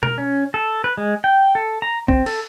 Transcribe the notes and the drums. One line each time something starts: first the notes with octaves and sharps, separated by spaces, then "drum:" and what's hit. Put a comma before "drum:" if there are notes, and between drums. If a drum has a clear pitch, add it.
A#4, drum: tom B2
C#4
A4
B4
G#3
G5
A4
A#5
C4, drum: kick B1
A4, drum: cymbal